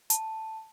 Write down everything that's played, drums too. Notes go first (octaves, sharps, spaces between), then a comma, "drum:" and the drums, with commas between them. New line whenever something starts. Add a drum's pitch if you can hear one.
A5, drum: hi-hat